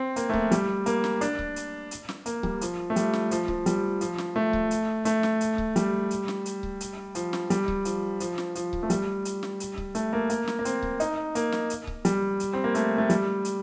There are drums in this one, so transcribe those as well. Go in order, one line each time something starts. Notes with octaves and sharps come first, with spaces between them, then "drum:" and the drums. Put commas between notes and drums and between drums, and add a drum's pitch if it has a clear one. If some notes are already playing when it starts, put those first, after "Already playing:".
Already playing: C4
A#3, drum: hi-hat
A3
A#3, drum: kick C#1
G3, drum: hi-hat
A#3, drum: hi-hat
drum: snare
D4, drum: hi-hat
drum: kick C#1
drum: hi-hat
drum: hi-hat
drum: snare
A#3, drum: hi-hat
G3, drum: kick C#1
F3, drum: hi-hat
A3
G3, drum: hi-hat
drum: snare
F3, drum: hi-hat
F3, drum: kick C#1
G3, drum: hi-hat
F3, drum: hi-hat
drum: snare
A3
drum: kick C#1
drum: hi-hat
A3, drum: hi-hat
drum: snare
drum: hi-hat
drum: kick C#1
G3, drum: hi-hat
drum: hi-hat
drum: snare
drum: hi-hat
drum: kick C#1
drum: hi-hat
F3, drum: hi-hat
drum: snare
G3, drum: hi-hat
drum: kick C#1
F3, drum: hi-hat
F3, drum: hi-hat
drum: snare
F3, drum: hi-hat
drum: kick C#1
A3
G3, drum: hi-hat
drum: hi-hat
drum: snare
drum: hi-hat
drum: kick C#1
A3, drum: hi-hat
A#3
A#3, drum: hi-hat
drum: snare
A#3
C4, drum: hi-hat
drum: kick C#1
D#4, drum: hi-hat
A#3, drum: hi-hat
drum: snare
drum: hi-hat
drum: kick C#1
G3, drum: hi-hat
drum: hi-hat
C4
A#3
A3, drum: hi-hat
A3
G3, drum: hi-hat
drum: hi-hat